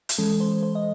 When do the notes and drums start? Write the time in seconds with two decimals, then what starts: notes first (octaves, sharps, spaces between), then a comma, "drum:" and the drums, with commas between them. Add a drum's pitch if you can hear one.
0.09 drum: hi-hat
0.18 E3 G#3 C#4 A4
0.40 C5
0.63 C5
0.75 D#5